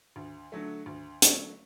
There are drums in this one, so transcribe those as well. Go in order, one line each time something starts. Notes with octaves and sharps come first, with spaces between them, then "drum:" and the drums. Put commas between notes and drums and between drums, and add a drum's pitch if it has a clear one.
D2
D3 F#3 A3
D2
D3 F#3 A3, drum: hi-hat